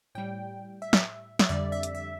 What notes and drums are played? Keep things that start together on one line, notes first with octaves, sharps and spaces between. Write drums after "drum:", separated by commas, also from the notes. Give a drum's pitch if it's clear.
A2 G3 G5
E5
drum: snare
E5, drum: snare
F2 D3 G3 D5
E5
drum: hi-hat
E5